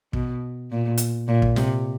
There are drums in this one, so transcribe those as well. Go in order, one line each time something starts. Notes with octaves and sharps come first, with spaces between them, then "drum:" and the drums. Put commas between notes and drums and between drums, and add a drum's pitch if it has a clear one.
B2, drum: kick
A#2
drum: hi-hat
A#2
drum: kick
C3, drum: snare